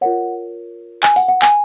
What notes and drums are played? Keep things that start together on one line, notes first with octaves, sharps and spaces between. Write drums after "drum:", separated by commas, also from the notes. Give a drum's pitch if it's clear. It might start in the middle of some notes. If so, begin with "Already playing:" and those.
F4 A#4 C#5 F#5
G#5, drum: clap
F#5, drum: open hi-hat
F#5
G#5, drum: clap